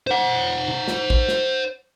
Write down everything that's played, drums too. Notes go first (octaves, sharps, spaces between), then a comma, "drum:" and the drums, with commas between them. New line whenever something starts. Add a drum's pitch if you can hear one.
C5 F#5
drum: tom C3
drum: snare
drum: kick
drum: snare